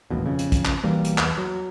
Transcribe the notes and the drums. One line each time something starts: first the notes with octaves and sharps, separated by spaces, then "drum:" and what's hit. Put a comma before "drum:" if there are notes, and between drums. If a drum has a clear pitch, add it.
D#1 A1 D#2 B2
F2 C#3
drum: hi-hat
drum: kick, hi-hat
drum: clap
B1 E3 G3 A#3
drum: hi-hat
E2, drum: clap
F#3